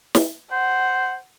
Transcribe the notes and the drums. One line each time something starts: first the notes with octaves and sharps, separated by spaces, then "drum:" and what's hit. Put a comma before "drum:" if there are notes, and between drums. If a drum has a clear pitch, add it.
drum: snare
C5 F#5